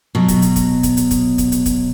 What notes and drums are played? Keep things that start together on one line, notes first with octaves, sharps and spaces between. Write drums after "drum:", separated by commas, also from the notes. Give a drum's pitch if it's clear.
B2 F#3
drum: kick, hi-hat
drum: hi-hat
drum: kick, hi-hat
drum: kick, hi-hat
drum: hi-hat
drum: kick, hi-hat
drum: kick, hi-hat
drum: hi-hat
drum: kick, hi-hat